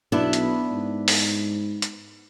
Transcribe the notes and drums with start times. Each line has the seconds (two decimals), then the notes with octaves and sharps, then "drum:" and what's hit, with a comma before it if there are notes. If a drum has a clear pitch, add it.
0.12 B1 B3 D4 E4
0.33 drum: hi-hat
0.70 G#2
1.08 drum: open hi-hat
1.82 drum: hi-hat